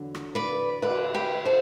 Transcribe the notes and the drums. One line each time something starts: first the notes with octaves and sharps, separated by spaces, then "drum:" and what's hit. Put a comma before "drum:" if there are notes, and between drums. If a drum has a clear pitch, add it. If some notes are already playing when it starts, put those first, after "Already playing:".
Already playing: E2 D3 F#3
drum: rim click
B4 D5
B4 D5, drum: cymbal
G4 B4
A4 C5